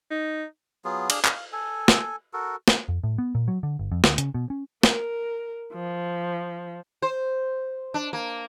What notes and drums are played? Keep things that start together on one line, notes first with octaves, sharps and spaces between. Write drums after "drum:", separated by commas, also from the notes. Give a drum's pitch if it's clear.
D#4
F#3 B3 F4 G#4
D4 G#4 F5 D6, drum: cymbal
F5, drum: clap
A4 G#5
drum: snare
F#4 A4 A#4
drum: snare
F2
A2
B3
A#2
F#3
D3
G1
F2
D2, drum: snare
C#3, drum: hi-hat
B2
C#4
A#4, drum: snare
F3
C5
D4
A#3